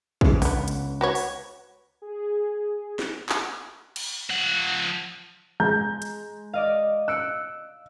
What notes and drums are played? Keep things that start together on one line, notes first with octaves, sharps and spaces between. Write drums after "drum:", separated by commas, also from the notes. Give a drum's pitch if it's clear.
C#3 E3, drum: kick
D3 B3, drum: open hi-hat
C#2
drum: hi-hat
F#4 B4 C#5
drum: open hi-hat
G#4
drum: snare
drum: clap
drum: cymbal
F3 F#5
G#3 A#5 G6
drum: hi-hat
D5 D#5 F5
E6 F#6 C#7 D7